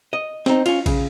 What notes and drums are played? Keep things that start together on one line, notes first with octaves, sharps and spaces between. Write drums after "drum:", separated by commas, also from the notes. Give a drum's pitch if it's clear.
D#5
C4 D#4, drum: snare
C#4 F4, drum: cymbal
C#3, drum: kick A#1, cymbal